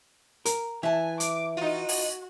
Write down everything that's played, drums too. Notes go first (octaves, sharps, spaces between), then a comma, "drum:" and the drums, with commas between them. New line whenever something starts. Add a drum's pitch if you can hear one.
A#4, drum: hi-hat
E3 E5 G#5 A5
D6, drum: hi-hat
D#4 F4 F#4
drum: open hi-hat